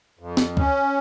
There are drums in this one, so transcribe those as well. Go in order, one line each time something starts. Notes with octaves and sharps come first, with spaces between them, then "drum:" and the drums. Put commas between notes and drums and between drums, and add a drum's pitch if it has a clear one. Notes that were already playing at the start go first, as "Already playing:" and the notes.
F2
drum: snare
C#4, drum: kick C#2